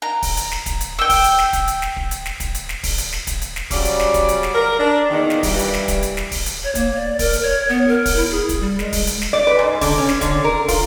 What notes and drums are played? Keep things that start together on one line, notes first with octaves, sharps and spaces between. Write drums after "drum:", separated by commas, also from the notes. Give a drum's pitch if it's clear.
A#5
drum: kick, open hi-hat
drum: hi-hat
drum: snare
drum: kick, hi-hat
drum: hi-hat
G5 E6
drum: kick, open hi-hat
drum: hi-hat
drum: snare
drum: kick, hi-hat
drum: hi-hat
drum: snare
drum: kick
drum: hi-hat
drum: snare
drum: kick, hi-hat
drum: hi-hat
drum: snare
drum: kick, open hi-hat
drum: hi-hat
drum: snare
drum: kick, hi-hat
drum: hi-hat
drum: snare
C#3 F#3 G3 D5, drum: kick, open hi-hat
drum: hi-hat
drum: snare
drum: kick, hi-hat
drum: hi-hat
drum: snare
A#4
D4
E2 A#2 D#3
drum: snare
G2 E3 G3, drum: kick, open hi-hat
drum: hi-hat
drum: snare
drum: kick, hi-hat
drum: hi-hat
drum: snare
drum: kick, open hi-hat
drum: hi-hat
C#5
A#3, drum: kick, hi-hat
D5
A#4, drum: kick, open hi-hat
drum: hi-hat
C#5
B3
A#4
drum: kick, open hi-hat
E4
G#4
drum: kick, hi-hat
G3
G#3, drum: snare
drum: kick, open hi-hat
drum: hi-hat
drum: snare
D5
B4
G#2
D3, drum: kick, open hi-hat
C#4
drum: snare
D3, drum: kick, hi-hat
A#4
F4, drum: kick, open hi-hat